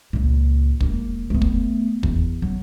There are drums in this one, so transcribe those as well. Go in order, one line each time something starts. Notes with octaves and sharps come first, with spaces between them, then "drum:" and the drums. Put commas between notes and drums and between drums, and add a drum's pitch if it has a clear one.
C#2 A#2
E1 A#3, drum: kick
A3 B3
drum: kick
E2, drum: kick
F#3